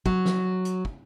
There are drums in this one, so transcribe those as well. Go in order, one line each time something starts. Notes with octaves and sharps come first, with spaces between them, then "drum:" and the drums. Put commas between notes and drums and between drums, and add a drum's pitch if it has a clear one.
F#3, drum: kick
drum: snare
drum: hi-hat
drum: kick